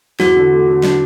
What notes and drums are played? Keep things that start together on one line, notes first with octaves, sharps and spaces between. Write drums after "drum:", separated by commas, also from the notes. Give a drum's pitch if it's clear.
E2 F#4, drum: snare
D3
A3
D3
D4, drum: snare